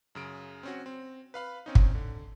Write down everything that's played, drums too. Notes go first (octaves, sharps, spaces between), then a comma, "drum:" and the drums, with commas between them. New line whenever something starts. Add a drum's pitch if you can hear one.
F#2 C#3 D7
C4 C#4 F#4
C4
B4 F5 B5
C4 C#4 D#4
drum: kick
D3